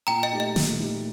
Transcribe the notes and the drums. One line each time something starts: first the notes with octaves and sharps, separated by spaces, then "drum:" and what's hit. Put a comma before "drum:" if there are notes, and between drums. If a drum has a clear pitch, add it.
A#2 G5 A#5
D#5 G5
A3 D#4 G4
D#5
A#2, drum: snare
A3 D#4 G4